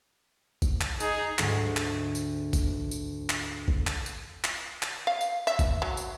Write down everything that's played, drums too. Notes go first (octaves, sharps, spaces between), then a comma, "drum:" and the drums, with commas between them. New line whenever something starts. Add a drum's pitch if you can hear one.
drum: kick G#1, tambourine
drum: clap
D#4 G#4, drum: tambourine
D2 G#2, drum: clap
drum: clap
drum: tambourine
drum: kick G#1, tambourine
drum: tambourine
drum: clap
drum: kick G#1
drum: clap
drum: tambourine
drum: clap
drum: clap
F5
drum: tambourine
E5
drum: kick G#1, tambourine
F#3
drum: tambourine